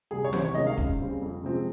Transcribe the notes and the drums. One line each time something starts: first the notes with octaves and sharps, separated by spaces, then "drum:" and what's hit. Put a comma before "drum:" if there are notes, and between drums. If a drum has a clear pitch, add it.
C3 G3 G#4
C#5
C2 C5, drum: tom
C#5
C3 D#3 G#3 D#5
F5
C#2, drum: kick
C#3 G3 C4
F2
C3 F3 G#3 C4